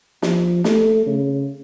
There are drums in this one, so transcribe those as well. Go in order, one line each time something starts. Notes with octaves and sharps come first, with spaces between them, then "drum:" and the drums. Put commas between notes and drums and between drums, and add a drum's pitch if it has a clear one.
F3, drum: snare
A3, drum: snare
C#3